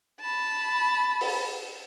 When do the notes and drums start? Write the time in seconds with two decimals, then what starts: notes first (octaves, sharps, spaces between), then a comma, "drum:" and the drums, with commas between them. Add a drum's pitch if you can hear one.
0.21 A5 B5
1.21 drum: open hi-hat